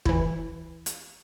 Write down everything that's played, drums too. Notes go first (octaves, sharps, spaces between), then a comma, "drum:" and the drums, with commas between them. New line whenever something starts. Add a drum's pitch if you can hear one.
E3 E4, drum: kick
drum: hi-hat